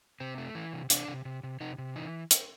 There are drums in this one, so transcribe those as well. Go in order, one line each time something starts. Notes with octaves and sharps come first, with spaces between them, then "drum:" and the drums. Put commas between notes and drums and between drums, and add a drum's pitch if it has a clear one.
C3 C4
A3
E3
C3
C3 D4, drum: hi-hat
C3
C3
C3
C3 D#4
C3
E3 D#4
drum: hi-hat